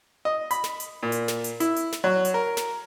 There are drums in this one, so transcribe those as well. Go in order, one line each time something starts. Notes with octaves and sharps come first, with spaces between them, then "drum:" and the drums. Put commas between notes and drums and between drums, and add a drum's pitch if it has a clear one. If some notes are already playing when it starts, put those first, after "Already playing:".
D#5
B5, drum: hi-hat
drum: snare
drum: hi-hat
A#2
drum: hi-hat
drum: snare
drum: hi-hat
E4, drum: hi-hat
drum: hi-hat
drum: snare
F#3
drum: hi-hat
A#4
drum: snare